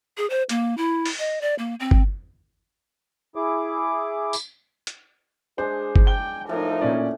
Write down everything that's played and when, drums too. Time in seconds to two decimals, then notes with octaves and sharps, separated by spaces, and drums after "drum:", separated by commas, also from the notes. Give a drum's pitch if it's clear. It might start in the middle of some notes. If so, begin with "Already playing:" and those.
0.17 G#4
0.30 C5
0.49 A#3, drum: hi-hat
0.77 E4
1.06 drum: open hi-hat
1.19 D#5
1.41 D5
1.58 A#3
1.80 C4
1.91 drum: kick G1
3.36 E4 G#4 D6
4.33 drum: tambourine
4.87 drum: hi-hat
5.58 G#3 D4 G#4 C5
5.96 drum: kick G1
6.07 G5 G7
6.49 A2 F3 D#4 A#4
6.81 A#2 C#4 D5